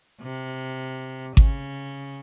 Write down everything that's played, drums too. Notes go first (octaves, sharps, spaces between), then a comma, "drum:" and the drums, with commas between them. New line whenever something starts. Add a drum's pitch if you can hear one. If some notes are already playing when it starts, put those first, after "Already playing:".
C3
C#3, drum: kick G#1